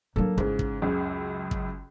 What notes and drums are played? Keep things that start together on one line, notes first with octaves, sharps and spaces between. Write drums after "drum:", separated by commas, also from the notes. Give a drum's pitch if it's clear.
F#3 A#3 D4 A4
G#2 C#3 E4, drum: kick
drum: kick
C#2 F#2 C#3
drum: kick